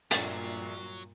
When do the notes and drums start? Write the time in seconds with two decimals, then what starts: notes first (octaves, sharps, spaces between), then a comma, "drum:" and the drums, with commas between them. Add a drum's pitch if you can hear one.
0.11 A#1 G2 A#2 F#3 D4 A6, drum: hi-hat